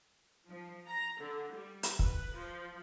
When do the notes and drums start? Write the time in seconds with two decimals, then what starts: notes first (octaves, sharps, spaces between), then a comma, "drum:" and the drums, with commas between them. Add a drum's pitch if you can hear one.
0.49 F3
0.87 A#5
1.21 D3
1.54 G3
1.83 drum: hi-hat
1.99 B4, drum: kick
2.35 F3